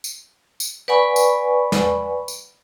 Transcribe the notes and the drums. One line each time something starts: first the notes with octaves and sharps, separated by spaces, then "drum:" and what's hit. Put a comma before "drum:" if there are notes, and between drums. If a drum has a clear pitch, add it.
drum: tambourine
drum: tambourine
B4 D5 F#5 G#5 B5 C#6
drum: tambourine
drum: snare
drum: tambourine